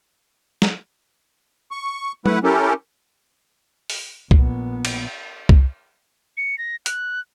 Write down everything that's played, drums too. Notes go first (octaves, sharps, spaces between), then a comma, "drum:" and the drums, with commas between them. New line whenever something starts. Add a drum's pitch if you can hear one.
drum: snare
C#6
A3 E4 B4 F#5, drum: tom F#3
C#4 E4 G4 A4 A#4
drum: open hi-hat
A#1 B3, drum: kick C2
drum: cymbal
drum: kick C2
C#7
A#6
F#6, drum: hi-hat